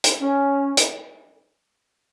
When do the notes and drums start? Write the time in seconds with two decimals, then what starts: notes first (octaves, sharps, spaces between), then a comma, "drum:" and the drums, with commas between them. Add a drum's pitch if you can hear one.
0.04 drum: hi-hat
0.21 C#4
0.77 drum: hi-hat